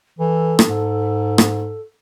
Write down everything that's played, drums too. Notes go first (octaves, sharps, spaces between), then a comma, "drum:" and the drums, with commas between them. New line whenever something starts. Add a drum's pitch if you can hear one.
E3 A4
drum: rim click
G#2
drum: rim click